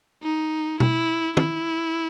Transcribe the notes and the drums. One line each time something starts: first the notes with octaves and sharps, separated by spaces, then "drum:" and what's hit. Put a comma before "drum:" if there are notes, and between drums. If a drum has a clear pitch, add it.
D#4
E4, drum: tom
E4, drum: tom